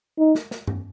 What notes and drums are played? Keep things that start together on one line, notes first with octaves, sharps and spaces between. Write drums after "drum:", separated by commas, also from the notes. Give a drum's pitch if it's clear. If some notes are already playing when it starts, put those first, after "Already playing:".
D#4
drum: snare
drum: snare
drum: tom G2